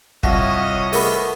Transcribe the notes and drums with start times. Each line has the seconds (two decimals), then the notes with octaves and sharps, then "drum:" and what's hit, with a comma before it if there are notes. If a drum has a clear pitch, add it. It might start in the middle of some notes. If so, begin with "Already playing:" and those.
0.23 C2 F4 F#4 C#5 D#5, drum: kick
0.93 A3 B3 G#4 A#4 B5, drum: open hi-hat